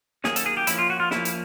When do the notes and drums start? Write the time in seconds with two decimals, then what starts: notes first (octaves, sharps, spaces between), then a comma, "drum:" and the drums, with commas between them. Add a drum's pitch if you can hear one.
0.24 D#3 F#3 A#3 C#4 G#4, drum: snare
0.36 A4, drum: hi-hat
0.46 G#4
0.57 G4
0.67 F3 A#3 C#4 E4, drum: hi-hat
0.79 F4
0.90 F#4
1.00 F4
1.11 F3 A#3 C#4 E4, drum: snare
1.25 drum: hi-hat